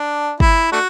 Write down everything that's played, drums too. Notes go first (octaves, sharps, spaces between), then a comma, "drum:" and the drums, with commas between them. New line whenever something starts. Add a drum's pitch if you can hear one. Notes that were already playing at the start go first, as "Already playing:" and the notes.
Already playing: D4
E4, drum: kick
A3 D4 F#4